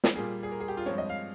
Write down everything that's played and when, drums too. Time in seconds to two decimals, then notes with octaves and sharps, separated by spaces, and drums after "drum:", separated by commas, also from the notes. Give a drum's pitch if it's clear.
0.04 drum: snare
0.16 A#2 G3 A#3 G#4
0.43 G#4
0.52 A#4
0.60 G#4
0.68 G4
0.77 F4
0.86 G2 F3 G#3 C4 C#5
0.98 D#5
1.09 F5